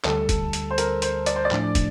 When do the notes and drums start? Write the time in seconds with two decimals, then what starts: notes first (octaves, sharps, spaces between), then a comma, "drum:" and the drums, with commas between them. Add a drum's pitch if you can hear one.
0.05 D2 D3 G3 A4, drum: clap
0.29 drum: kick, hi-hat
0.53 drum: hi-hat
0.71 C5
0.78 A#4, drum: hi-hat
1.02 C5, drum: hi-hat
1.26 D5, drum: hi-hat
1.36 C5
1.45 D5
1.51 A2 F3 A3 D4, drum: clap
1.75 drum: kick, hi-hat